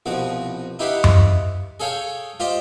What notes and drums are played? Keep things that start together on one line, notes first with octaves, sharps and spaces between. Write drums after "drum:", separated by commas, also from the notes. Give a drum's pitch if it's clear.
C2 B2 F3 F#4
D#4 E4 G4 B4 F5 F#5
drum: tom F#2
G#4 A4 C#5 F5 G5 G#5
F4 G4 C5 D5 D#5